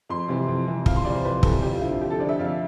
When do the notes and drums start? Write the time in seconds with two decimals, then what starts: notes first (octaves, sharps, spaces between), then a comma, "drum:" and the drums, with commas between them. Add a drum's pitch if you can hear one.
0.09 F2 C6
0.28 C3 E3
0.48 F2
0.66 C3 E3
0.86 F2 F5, drum: kick
0.96 C6
1.05 C3 E3 D5
1.14 C5
1.24 F2 B4
1.43 C3 E3 A4, drum: kick
1.62 F2 G4
1.73 F4
1.81 D3 F3 E4
1.92 F4
2.01 F2 G4
2.10 A4
2.19 D3 F3 D5
2.29 E5
2.39 F2 F5